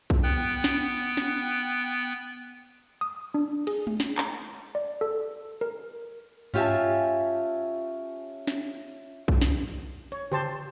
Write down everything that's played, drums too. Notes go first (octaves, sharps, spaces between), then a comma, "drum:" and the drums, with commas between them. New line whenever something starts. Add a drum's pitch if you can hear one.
drum: kick B1
B3 G5 F#6
drum: snare
drum: hi-hat
drum: snare
D#6
D4
G#4, drum: cymbal
drum: tom G#3
drum: snare
A#5, drum: clap
D5
A4
A#4
C#4 F4 G4 E5 G#5 A5, drum: tom G2
drum: snare
drum: kick B1
drum: snare
C#5, drum: hi-hat
G4 C5 A5, drum: tom C#3